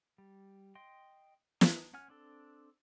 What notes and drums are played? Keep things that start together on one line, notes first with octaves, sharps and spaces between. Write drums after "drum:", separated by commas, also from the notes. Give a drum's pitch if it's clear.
G3
D#5 G5 C6
D#4, drum: snare
C#4 F#5 G#5 F6
C4 D4 A4